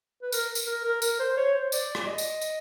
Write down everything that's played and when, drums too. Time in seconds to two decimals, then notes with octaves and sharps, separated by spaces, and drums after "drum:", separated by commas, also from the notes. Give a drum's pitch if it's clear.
0.22 B4
0.32 A#4, drum: tambourine
0.55 drum: tambourine
0.66 A#4
0.84 A#4
1.02 A#4, drum: tambourine
1.19 C5
1.37 C#5
1.54 C5
1.72 D5, drum: tambourine
1.95 drum: rim click
2.06 D#5
2.18 drum: tambourine
2.41 drum: tambourine